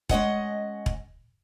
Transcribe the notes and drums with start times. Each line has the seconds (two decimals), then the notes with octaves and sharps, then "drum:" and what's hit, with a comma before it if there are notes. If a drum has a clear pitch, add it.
0.09 G#3 C#4 D#5 F#5, drum: kick E1
0.86 drum: kick E1